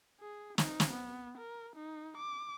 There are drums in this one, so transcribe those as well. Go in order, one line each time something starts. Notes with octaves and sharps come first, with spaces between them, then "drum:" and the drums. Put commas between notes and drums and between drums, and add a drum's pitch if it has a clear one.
G#4
D#4, drum: snare
drum: snare
B3
A#4
D#4
D6